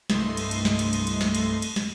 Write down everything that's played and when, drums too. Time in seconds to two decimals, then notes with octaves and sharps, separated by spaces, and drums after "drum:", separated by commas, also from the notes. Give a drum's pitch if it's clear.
0.10 C2 G2 A3 D#5 C6 C7, drum: snare
0.37 drum: cymbal
0.51 drum: cymbal
0.65 drum: snare
0.79 drum: cymbal
0.93 drum: cymbal
1.07 drum: cymbal
1.21 drum: snare
1.35 drum: cymbal
1.62 drum: cymbal
1.76 drum: snare